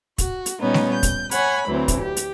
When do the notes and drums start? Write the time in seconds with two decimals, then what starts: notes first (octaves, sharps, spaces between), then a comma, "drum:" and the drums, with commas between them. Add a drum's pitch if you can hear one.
0.18 F#4, drum: kick, hi-hat
0.46 drum: hi-hat
0.59 A#2 G3 B3 C#4 D#4
0.74 drum: snare A3
0.94 G6
1.03 drum: kick, hi-hat
1.31 C#5 F#5 G#5 B5, drum: hi-hat
1.66 D2 E3 F#3 C4
1.88 drum: kick, hi-hat
2.00 G4
2.17 drum: hi-hat